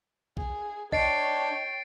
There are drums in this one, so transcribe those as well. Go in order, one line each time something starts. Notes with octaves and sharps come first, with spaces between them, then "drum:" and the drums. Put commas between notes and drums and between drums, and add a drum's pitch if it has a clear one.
G#4, drum: kick B1
D4 C#5 D#5 G5 A6 C7 D7, drum: kick B1